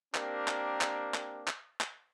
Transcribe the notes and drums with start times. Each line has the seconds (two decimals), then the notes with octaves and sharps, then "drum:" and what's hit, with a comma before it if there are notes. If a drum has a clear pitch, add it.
0.15 A#3 C4 D4 G4 A#4, drum: clap
0.48 drum: clap
0.81 drum: clap
1.14 drum: clap
1.48 drum: clap
1.81 drum: clap